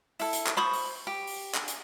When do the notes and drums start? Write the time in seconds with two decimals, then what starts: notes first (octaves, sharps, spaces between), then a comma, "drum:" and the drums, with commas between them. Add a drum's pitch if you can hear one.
0.19 E4 A4, drum: open hi-hat
0.33 drum: hi-hat
0.46 drum: clap
0.57 C5 B5 C#6 D#6
0.73 drum: open hi-hat
1.07 G4
1.27 drum: open hi-hat
1.54 drum: clap
1.68 drum: hi-hat